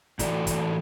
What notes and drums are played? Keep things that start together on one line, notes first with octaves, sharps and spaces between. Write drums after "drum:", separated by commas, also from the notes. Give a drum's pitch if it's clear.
A2 E3 F#4 A4 D5, drum: kick, hi-hat
drum: kick, hi-hat